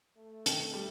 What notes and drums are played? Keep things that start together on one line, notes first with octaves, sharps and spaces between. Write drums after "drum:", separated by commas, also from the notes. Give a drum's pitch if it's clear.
A3
D#3, drum: hi-hat
G3